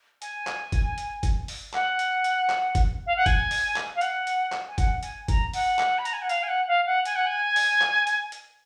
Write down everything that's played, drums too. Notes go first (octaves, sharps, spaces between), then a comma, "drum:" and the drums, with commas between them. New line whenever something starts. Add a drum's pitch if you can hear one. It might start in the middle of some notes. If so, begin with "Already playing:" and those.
G#5, drum: hi-hat
drum: clap
drum: kick, hi-hat
drum: hi-hat
drum: kick, hi-hat
drum: open hi-hat
F#5, drum: clap
drum: hi-hat
drum: hi-hat
drum: clap
drum: kick, hi-hat
F5
F#5
G#5, drum: kick, hi-hat
drum: open hi-hat
drum: clap
F5
F#5, drum: hi-hat
drum: hi-hat
drum: clap
G#5
F#5, drum: kick, hi-hat
G#5, drum: hi-hat
A#5, drum: kick, hi-hat
F#5, drum: open hi-hat
drum: clap
B5
A#5, drum: hi-hat
G#5
F#5
F5, drum: hi-hat
G#5
F#5
F5
F#5
G#5, drum: hi-hat
F#5
G#5
drum: open hi-hat
drum: clap
drum: hi-hat
drum: hi-hat